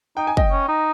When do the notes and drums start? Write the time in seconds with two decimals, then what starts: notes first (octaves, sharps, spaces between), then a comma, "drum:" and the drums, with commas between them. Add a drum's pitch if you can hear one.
0.17 D#4 G5
0.27 G#5
0.37 D#5 G5, drum: kick
0.51 C#4
0.68 D#4